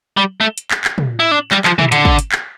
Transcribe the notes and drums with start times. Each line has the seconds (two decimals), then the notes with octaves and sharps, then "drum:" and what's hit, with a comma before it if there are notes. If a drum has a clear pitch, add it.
0.17 G3
0.41 A3
0.58 drum: hi-hat
0.71 drum: clap
0.84 drum: clap
0.98 drum: tom
1.20 E4
1.31 D4
1.51 G3, drum: clap
1.65 F3, drum: clap
1.79 E3, drum: tom
1.92 D3, drum: hi-hat
2.05 drum: kick
2.19 drum: hi-hat
2.32 drum: clap